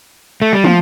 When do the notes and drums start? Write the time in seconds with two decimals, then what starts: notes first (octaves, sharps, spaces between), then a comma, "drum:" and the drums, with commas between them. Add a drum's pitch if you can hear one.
0.42 A3
0.53 G3
0.64 F3, drum: tom